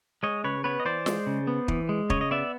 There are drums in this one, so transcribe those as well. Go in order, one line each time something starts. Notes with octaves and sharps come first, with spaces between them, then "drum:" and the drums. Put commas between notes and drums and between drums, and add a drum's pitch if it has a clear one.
G#3 C#5 D#5
C#3 B4 C#5
B3 B4 C#5
D#5
E3 C5 D5
G#3, drum: snare
C#3
B3
E3, drum: kick
G#3
C#3 C#5 D#5, drum: kick
D#5
B3 D5 E5